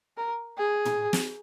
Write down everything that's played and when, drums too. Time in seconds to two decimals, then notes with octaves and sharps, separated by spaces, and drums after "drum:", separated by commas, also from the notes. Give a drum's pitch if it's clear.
0.17 A#4
0.58 G#4
0.85 drum: tom
1.13 drum: snare